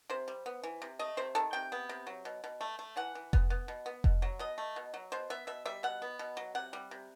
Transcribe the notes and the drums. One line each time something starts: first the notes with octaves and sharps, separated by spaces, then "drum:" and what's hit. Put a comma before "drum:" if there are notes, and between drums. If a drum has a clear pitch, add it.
C3 C5
G3
B3
E3
C3
A3 D#5
C3 C5
D#3 A4
C3 G5
B3
C3
F#3
B2
B2
A3
A3
E3 F#5
E3
B3, drum: kick F1
B3
B2
B3
B2, drum: kick F1
F#3
B2 D#5
A3
B2
F#3
B2 C5
B3 E5
B2 E5
G3 E5
B2 F#5
B3
B2
F#3
C3 F#5
G3
C3